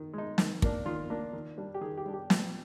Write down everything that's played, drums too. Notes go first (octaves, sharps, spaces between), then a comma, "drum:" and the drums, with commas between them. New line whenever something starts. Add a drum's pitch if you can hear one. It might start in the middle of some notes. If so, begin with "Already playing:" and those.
Already playing: D#3
G#3 D#4
D#3, drum: snare
A#3 D4, drum: kick
D#3 F4
A#3 D4
D#3
G3 D4
G4
D#3 G#4
G4
G3 D4
G4
A#2, drum: snare